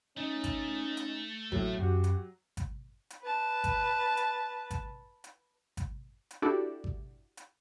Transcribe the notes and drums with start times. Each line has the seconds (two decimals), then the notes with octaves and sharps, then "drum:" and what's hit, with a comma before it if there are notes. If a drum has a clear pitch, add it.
0.17 A3 C#4 D#4
0.44 drum: kick G#1, hi-hat
0.97 drum: hi-hat
1.52 A2 F#3, drum: kick G#1
1.79 F#2 F#4 G4
2.04 drum: hi-hat
2.57 drum: kick G#1, hi-hat
3.10 drum: hi-hat
3.21 B4 A5
3.64 drum: kick G#1, hi-hat
4.17 drum: hi-hat
4.71 drum: kick G#1, hi-hat
5.24 drum: hi-hat
5.77 drum: kick G#1, hi-hat
6.31 drum: hi-hat
6.42 D4 E4 F#4 G4 A4 D5
6.84 drum: kick G#1
7.37 drum: hi-hat